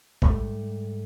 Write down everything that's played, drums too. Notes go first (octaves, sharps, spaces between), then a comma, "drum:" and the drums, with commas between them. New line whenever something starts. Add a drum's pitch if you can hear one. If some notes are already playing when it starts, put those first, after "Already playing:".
G#2 G3 A3, drum: kick A#1